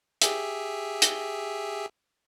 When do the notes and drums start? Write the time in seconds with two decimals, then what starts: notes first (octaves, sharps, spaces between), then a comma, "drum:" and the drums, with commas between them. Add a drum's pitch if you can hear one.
0.22 G4 G#4 E5, drum: hi-hat
1.02 drum: hi-hat